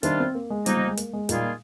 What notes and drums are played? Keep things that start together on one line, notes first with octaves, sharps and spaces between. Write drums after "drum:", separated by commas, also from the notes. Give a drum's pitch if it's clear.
C3 D#3 G3 D4 F4, drum: hi-hat
C4
A#3
G#3
F3 G3 A#3 D#4, drum: hi-hat
G3
G#3
A#3, drum: hi-hat
G#3
A#2 D#3 G3 A#3 F4 G#4, drum: hi-hat